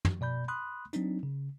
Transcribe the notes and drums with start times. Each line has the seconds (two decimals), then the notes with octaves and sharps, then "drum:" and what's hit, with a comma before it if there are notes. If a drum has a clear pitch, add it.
0.05 drum: tom
0.21 B2 D5 B5 G6
0.48 B5 C6 D#6 F#6
0.93 F#3 C4 D4 D#4, drum: hi-hat
1.23 C#3